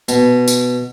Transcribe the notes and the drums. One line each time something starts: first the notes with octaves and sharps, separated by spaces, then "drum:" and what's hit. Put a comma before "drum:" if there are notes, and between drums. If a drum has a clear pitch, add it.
B2, drum: tambourine
drum: tambourine